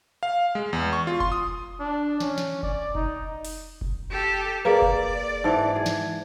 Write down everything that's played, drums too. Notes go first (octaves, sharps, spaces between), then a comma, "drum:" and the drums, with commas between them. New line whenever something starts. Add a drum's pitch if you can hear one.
F5
G#3
E2
C#6
F4
C6, drum: kick F1
D#6
D4
C#4, drum: snare
drum: snare
D5, drum: kick F1
D#4, drum: kick F1
drum: open hi-hat
drum: kick F1
G4 A4
A#3 G#4 A#4 B4 D5
drum: kick F1
G#2 E3 A5
G#4
drum: snare